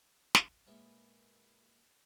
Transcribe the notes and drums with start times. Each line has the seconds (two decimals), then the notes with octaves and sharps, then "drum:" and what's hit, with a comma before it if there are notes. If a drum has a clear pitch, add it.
0.35 drum: snare
0.66 A#2 G#3 B3 C#4 E4